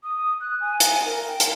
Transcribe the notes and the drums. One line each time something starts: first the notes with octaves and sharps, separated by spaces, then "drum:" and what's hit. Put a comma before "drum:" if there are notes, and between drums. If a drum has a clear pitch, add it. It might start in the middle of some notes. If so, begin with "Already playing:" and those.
D#6
F#6
G#5
drum: hi-hat
A#4
G5
drum: hi-hat